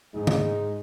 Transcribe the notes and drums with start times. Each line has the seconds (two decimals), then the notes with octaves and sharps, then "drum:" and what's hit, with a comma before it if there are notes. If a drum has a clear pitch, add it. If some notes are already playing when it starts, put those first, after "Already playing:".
0.15 G#2 G#3 D#4
0.27 drum: tom C#3